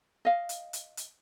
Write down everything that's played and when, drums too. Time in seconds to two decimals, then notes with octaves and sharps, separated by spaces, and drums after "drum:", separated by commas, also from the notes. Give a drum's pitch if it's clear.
0.25 D#5 F5
0.49 drum: hi-hat
0.73 drum: hi-hat
0.97 drum: hi-hat